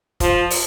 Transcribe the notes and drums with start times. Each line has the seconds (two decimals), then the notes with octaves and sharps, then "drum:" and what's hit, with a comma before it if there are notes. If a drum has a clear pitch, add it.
0.20 F3, drum: kick, hi-hat
0.50 drum: open hi-hat